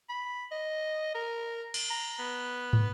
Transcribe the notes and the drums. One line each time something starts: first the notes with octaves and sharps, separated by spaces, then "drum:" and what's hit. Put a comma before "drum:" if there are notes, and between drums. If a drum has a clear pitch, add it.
B5
D#5
A#4
drum: cymbal
A#5
B3
drum: tom